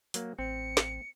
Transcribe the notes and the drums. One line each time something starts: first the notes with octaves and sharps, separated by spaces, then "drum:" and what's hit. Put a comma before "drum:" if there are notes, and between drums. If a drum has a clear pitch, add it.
F#3 A#3, drum: hi-hat
A1 C4 C#7
drum: snare